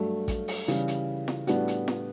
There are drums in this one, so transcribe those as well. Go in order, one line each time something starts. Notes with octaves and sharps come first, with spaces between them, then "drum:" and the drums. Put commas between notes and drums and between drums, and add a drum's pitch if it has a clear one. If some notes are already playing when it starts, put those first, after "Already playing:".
Already playing: G2 F#3 A3
drum: kick A1, hi-hat
drum: open hi-hat
C#3 E3 G3, drum: hi-hat
drum: hi-hat
drum: snare
A2 G3 B3 D4 F#4, drum: hi-hat
drum: hi-hat
drum: snare